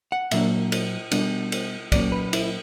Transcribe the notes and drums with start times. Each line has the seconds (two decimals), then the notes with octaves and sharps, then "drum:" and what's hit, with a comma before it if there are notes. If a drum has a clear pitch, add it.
0.12 F#5
0.31 A#2 F#3 A#3 D4 E5, drum: cymbal
0.72 drum: cymbal
1.12 B2 G3 B3 D4, drum: cymbal
1.52 drum: cymbal
1.92 A#2 F#3 A#3 C#4 D5, drum: kick, cymbal
2.12 B4
2.33 E4, drum: cymbal